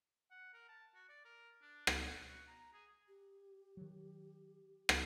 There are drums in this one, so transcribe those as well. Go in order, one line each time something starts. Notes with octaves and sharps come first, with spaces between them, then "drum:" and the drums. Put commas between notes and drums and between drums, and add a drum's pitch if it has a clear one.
F#5
A#4
A5
F#4
D5
A#4
D4
D#5, drum: rim click
F#5
F#4
A#5
G#4
G4
D#3 F#3
drum: rim click